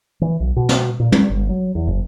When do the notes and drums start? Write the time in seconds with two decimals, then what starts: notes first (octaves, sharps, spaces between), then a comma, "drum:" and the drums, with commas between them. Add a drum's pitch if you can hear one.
0.21 E3
0.40 B1
0.56 B2
0.69 drum: snare
1.00 A#2
1.12 G3, drum: tom
1.30 G1
1.49 F#3
1.75 E2
1.87 F#1